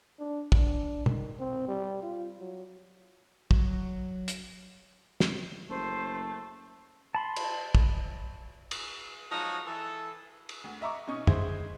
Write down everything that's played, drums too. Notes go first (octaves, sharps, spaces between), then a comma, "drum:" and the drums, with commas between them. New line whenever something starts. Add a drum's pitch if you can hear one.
D4
D4, drum: kick
D#3, drum: tom
C4
G3
F4
F#3
F#3, drum: kick
drum: hi-hat
drum: snare
F#1 A3 C5
A5 B5 C6
drum: cymbal
drum: kick
drum: cymbal
F3 F#3 G#3 D#4 F#4
E3 A4
drum: cymbal
D2
D#5 E5 A#5 C#6 D6
B2 C#4 D#4 C#6 D#6
G#3 E4 C5 G#6, drum: tom F2